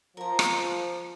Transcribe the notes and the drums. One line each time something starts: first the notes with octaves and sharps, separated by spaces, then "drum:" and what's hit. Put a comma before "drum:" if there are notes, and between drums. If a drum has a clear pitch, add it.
F3 A#4 A#5
drum: rim click